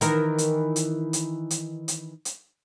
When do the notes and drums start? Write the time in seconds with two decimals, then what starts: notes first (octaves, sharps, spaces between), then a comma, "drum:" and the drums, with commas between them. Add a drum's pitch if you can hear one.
0.01 D#3 E3 A#4, drum: hi-hat
0.38 drum: hi-hat
0.76 drum: hi-hat
1.13 drum: hi-hat
1.50 drum: hi-hat
1.88 drum: hi-hat
2.25 drum: hi-hat